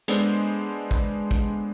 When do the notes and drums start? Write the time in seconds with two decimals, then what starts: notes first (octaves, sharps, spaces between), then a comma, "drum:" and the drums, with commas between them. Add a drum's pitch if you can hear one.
0.08 G#3 B3 D4 A4 C5, drum: hi-hat
0.91 drum: kick
1.31 drum: kick